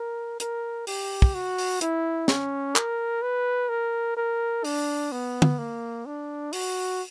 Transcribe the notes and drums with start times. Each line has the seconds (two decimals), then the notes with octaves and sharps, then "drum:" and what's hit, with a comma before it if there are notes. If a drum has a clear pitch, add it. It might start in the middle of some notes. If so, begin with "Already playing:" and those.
Already playing: A#4
0.40 A#4, drum: hi-hat
0.87 G4, drum: open hi-hat
1.22 drum: kick
1.34 F#4
1.58 drum: open hi-hat
1.81 E4, drum: hi-hat
2.28 C#4, drum: snare
2.76 A#4, drum: clap
3.22 B4
3.69 A#4
4.17 A#4
4.64 D4, drum: open hi-hat
5.12 B3
5.42 drum: tom
5.58 A#3
6.06 D4
6.53 F#4, drum: open hi-hat